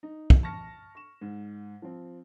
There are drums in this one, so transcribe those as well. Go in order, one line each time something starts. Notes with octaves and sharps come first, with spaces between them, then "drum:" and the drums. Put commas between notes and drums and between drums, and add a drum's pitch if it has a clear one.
D#4
drum: kick
A5 C#6 F6 A#6 C#7
C#6 E7
G#2
F3 C4